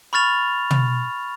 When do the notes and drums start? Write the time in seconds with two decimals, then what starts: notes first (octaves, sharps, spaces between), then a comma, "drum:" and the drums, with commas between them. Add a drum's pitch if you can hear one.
0.13 B5 C#6 F6 A6 F7
0.71 drum: tom